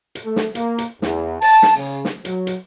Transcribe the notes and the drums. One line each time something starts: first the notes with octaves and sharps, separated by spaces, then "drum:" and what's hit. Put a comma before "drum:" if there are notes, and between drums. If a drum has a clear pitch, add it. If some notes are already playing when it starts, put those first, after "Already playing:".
drum: hi-hat
A3
drum: snare
A#3, drum: hi-hat
drum: hi-hat
E2, drum: snare
A5, drum: open hi-hat
drum: snare
C#3
drum: snare
F#3, drum: hi-hat
drum: hi-hat